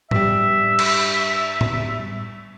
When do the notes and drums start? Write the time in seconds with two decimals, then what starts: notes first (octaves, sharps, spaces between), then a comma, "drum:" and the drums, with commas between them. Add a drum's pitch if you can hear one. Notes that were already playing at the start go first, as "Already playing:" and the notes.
0.11 G2 G3 E5, drum: tom A2
0.79 drum: cymbal
1.61 drum: tom A2